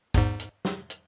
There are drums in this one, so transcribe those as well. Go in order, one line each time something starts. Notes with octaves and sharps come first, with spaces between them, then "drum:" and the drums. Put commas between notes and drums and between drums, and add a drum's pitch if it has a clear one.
E2 G#2, drum: kick, hi-hat
drum: hi-hat
drum: snare
drum: hi-hat